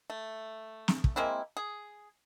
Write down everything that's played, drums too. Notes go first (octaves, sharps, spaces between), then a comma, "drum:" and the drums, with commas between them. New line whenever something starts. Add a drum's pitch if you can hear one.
A3
drum: snare
drum: kick
G#3 A#3 C4 E4
G#4